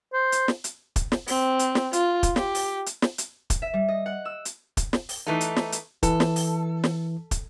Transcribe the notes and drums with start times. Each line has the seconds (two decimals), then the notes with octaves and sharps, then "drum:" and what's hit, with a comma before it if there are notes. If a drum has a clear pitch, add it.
0.13 C5
0.32 drum: hi-hat
0.48 drum: snare
0.64 drum: hi-hat
0.96 drum: kick, hi-hat
1.12 drum: snare
1.28 C4, drum: open hi-hat
1.59 drum: hi-hat
1.75 drum: snare
1.93 F4, drum: hi-hat
2.23 drum: kick, hi-hat
2.36 G4, drum: snare
2.55 drum: open hi-hat
2.86 drum: hi-hat
3.02 drum: snare
3.18 drum: hi-hat
3.50 drum: kick, hi-hat
3.62 E5
3.74 G3
3.88 D#5
4.06 F#5
4.25 E6
4.45 drum: hi-hat
4.77 drum: kick, hi-hat
4.93 drum: snare
5.09 drum: open hi-hat
5.27 E3 A3 D#4
5.41 drum: hi-hat
5.56 drum: snare
5.72 drum: hi-hat
6.03 E3 A4, drum: kick, hi-hat
6.20 drum: snare
6.36 drum: open hi-hat
6.84 drum: snare
7.31 drum: kick, hi-hat